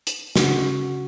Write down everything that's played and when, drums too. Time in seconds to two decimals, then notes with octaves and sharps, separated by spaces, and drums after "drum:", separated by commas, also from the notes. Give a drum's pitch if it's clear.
0.07 drum: hi-hat
0.36 C#3 F#4, drum: snare